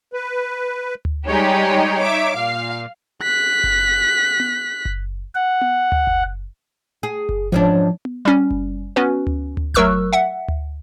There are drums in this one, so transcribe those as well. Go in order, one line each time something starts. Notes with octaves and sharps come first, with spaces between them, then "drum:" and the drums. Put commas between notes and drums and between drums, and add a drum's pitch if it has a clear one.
B4
drum: tom D2
G3 G#3 D#4 G4 C#5
E5 D6
A#2 F5
F#6 B6
drum: kick F#1
drum: tom B3
drum: kick F#1
F#5
drum: tom B3
drum: tom D2
drum: kick F#1
G#4
drum: kick F#1
G#2 F3 C#4 D4
drum: tom B3
G3 C#4
drum: kick F#1
B3 C#4 F#4 B4
drum: tom D2
drum: tom D2
F#3 A3 A#4 C#6 E6 F#6, drum: kick F#1
E5 F#5
drum: tom D2